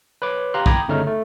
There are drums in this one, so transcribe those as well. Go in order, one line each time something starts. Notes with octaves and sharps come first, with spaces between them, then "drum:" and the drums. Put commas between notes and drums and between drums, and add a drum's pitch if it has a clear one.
B4 C#5 D6
G4 F5 A#5 C6 F#6
G5 A#5 B5 D6 D#6 G#6, drum: kick
G1 C#3 A3 D#4 C#5 F6
A3